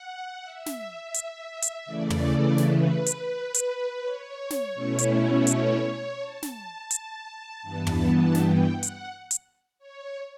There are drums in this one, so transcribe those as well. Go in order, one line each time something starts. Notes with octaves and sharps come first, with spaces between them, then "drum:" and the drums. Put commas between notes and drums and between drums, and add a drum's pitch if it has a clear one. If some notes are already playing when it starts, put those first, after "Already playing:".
Already playing: F#5
E5
drum: snare
drum: hi-hat
drum: hi-hat
C#3 E3 A3 D5
drum: tom
B4, drum: snare
drum: hi-hat
drum: hi-hat
C#5
drum: snare
B2 A3 C#4 E4
drum: hi-hat
C#5, drum: hi-hat
A5
drum: snare
drum: hi-hat
G2 E3 B3
drum: tom
G5, drum: snare
F#5
drum: hi-hat
drum: hi-hat
C#5